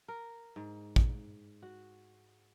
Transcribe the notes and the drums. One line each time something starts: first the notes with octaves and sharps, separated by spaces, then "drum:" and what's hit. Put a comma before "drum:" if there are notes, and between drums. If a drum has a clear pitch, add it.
A#4
G#2
drum: kick
F#4